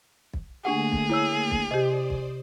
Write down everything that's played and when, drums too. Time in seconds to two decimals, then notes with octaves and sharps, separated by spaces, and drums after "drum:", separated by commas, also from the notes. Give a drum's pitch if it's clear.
0.33 drum: kick
0.65 D3 A3 A#3 D4 G4 G#4 F#5
0.92 drum: kick
1.10 E4 C#5 E6
1.51 drum: kick
1.71 C3 G4 C5 D5 D#5 D#6
2.10 drum: kick